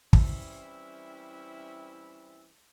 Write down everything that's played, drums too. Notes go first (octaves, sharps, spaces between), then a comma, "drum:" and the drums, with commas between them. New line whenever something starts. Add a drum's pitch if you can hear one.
E3 G3 C4 C#4 E4 E5, drum: kick